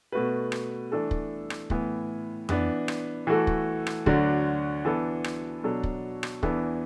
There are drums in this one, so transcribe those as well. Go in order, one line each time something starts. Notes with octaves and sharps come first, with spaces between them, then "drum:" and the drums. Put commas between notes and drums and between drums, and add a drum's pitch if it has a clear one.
B2 A3 F#4 B4
drum: rim click
E3 A3 D4 A4
drum: kick
drum: rim click
A2 E3 B3, drum: kick
E3 B3 D4, drum: tom F2
drum: rim click
E3 A3 F#4 A4
drum: kick
drum: rim click
D2 D3 F#3 D4 F#4, drum: kick
E3 B3 D4 A4
drum: rim click
B2 F#3 D4 A4
drum: kick
drum: rim click
E2 E3 B3 D4 A4, drum: kick